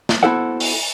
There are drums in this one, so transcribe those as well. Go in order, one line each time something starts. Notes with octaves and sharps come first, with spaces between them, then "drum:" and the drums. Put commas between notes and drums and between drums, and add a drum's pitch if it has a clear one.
drum: snare
B3 E4 F#4 A4 C5 F#5
drum: open hi-hat